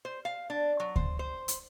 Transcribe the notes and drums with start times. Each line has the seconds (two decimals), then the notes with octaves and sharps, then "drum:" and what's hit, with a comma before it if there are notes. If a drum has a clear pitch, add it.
0.05 C5
0.25 F5
0.50 D4
0.80 F#3
0.96 C5, drum: kick D2
1.19 C5
1.48 drum: hi-hat